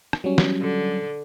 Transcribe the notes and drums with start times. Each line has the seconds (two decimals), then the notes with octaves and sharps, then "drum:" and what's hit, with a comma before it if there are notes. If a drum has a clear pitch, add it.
0.13 drum: rim click
0.24 F#3 G3 C#4
0.38 drum: snare
0.60 D3